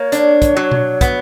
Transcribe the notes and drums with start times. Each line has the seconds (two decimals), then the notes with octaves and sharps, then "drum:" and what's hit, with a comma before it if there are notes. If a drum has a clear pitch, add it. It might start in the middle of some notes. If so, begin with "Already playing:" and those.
Already playing: A#3 C#5
0.12 D4, drum: hi-hat
0.42 drum: kick, hi-hat
0.57 F#3
0.72 drum: tom B2
1.01 B3, drum: kick, hi-hat